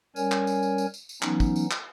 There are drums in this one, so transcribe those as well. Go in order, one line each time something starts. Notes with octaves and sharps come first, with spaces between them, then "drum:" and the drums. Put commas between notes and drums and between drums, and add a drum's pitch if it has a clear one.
G3 C#4 A#4 C#5 G#5, drum: tambourine
drum: clap
drum: tambourine
drum: tambourine
drum: tambourine
drum: tambourine
drum: tambourine
E3 F#3 B3 C#4 D#4, drum: clap
drum: kick, tambourine
drum: tambourine
drum: clap